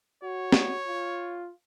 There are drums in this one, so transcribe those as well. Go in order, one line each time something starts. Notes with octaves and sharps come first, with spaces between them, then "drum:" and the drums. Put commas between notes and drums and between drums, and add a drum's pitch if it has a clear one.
F#4 C#5
drum: snare
F4